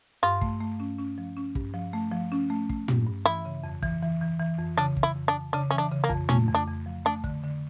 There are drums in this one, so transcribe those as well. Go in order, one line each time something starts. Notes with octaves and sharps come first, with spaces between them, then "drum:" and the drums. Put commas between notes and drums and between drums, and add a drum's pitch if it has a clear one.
G2 F4
A3, drum: kick
A3
C#4
C#4
F3
C#4
G2, drum: kick
F3
A3
F3
C#4
A3
A3, drum: kick
G2, drum: tom
G2
E3 E4
C#3
F2
E3, drum: kick
E3
E3
E3
F2
C#3 D4
F2, drum: kick
E4
F2
D4
F2
C#3 D4
E3 C#4
D4
C#3
A#3
F2, drum: kick
A3 C#4, drum: tom
F2
D4
F2
F3
A3 D4
D3, drum: kick
D3